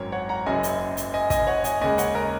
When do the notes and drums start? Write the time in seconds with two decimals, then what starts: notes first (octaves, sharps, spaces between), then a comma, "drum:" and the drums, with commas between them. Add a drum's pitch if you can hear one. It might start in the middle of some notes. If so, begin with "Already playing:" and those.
Already playing: G#1 F#2 F#3 A#4 C#5
0.12 C#5 F#5
0.29 F#5 A#5
0.46 F#1 F#2 C#3 F#3 D#5 G#5
0.63 drum: hi-hat
0.97 drum: hi-hat
1.14 D#5 G#5
1.30 D#5 G#5, drum: kick, hi-hat
1.47 C#5 F#5
1.64 D#5 G#5, drum: hi-hat
1.81 D#2 C#3 G#3 D#5 G#5
1.98 C#5 F#5, drum: hi-hat
2.15 A#4 D#5